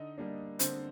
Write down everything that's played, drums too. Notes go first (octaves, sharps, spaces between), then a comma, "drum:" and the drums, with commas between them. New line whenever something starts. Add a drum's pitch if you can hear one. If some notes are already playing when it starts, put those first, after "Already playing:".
Already playing: D3 D#4 D#5
G3 A#3 D4
D3 C4 C5, drum: hi-hat